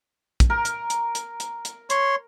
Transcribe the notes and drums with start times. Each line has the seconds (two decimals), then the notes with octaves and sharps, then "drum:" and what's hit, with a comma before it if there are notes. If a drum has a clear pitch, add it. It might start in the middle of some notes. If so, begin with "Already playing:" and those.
0.40 drum: kick, hi-hat
0.50 A#4
0.65 drum: hi-hat
0.90 drum: hi-hat
1.15 drum: hi-hat
1.40 drum: hi-hat
1.65 drum: hi-hat
1.90 C#5 C6, drum: hi-hat